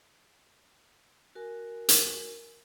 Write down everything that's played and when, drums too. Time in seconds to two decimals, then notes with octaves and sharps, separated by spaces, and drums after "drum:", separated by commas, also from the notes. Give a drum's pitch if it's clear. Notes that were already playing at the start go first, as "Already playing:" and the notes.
1.35 F#4 A#4 G#5
1.89 drum: hi-hat